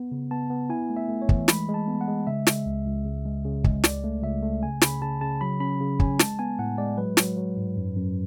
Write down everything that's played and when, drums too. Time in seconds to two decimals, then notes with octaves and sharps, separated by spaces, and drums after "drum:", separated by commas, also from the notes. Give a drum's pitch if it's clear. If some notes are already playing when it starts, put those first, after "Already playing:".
Already playing: B3
0.12 C#3
0.31 B3 A5
0.50 B3
0.70 E4 G#5
0.90 A3
0.97 E5
1.09 A3
1.22 C#5
1.29 E3, drum: kick
1.48 G#3 B5, drum: snare
1.69 G#3
1.74 A5
1.88 B3
2.01 F#5
2.08 G#3
2.27 C#3 E5
2.47 G#3, drum: snare
2.66 C#2
2.86 C#2
3.05 C#3
3.25 G#3
3.45 C#3
3.64 G#3, drum: kick
3.84 C#2 D5, drum: snare
4.04 A3
4.23 C#2 E5
4.43 A3
4.62 C#3 G#5
4.82 C#3 B5, drum: snare
5.02 C#3 A5
5.21 C#3 A5
5.41 F#3 B5
5.60 C#4 B5
5.80 C#3
6.00 C#4 G#5, drum: kick
6.19 G#3 A5, drum: snare
6.39 B3 G#5
6.59 A2 F#5
6.78 G#3 D5
6.97 F#3 B4
7.17 F#3, drum: snare
7.37 F#3
7.57 G#2
7.77 F#2
7.96 F#2